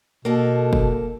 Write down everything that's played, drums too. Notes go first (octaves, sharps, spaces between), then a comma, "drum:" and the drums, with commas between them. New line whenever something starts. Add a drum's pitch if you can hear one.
B2 A#3 A4
drum: kick